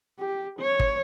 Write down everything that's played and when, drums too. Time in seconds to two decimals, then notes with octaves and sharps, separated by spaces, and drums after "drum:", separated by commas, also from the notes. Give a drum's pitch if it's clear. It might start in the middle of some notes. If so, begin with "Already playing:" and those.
0.19 G4
0.59 C#5
0.79 drum: kick